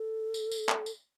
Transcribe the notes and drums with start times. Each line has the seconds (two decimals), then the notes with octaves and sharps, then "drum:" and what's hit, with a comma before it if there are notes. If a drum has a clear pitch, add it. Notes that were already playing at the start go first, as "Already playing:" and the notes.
Already playing: A4
0.34 drum: tambourine
0.51 drum: tambourine
0.69 drum: clap
0.86 drum: tambourine